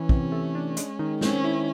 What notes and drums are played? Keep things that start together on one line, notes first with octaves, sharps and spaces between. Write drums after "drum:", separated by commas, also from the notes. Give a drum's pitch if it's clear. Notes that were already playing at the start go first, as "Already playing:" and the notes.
Already playing: E3 C#4
C3, drum: kick
A3
D4
G#3, drum: hi-hat
D#3
C4 C#4, drum: snare
E4